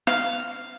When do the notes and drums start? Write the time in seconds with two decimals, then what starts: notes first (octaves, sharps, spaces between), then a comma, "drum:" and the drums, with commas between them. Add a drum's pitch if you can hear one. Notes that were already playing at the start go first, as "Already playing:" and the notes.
0.07 F5, drum: snare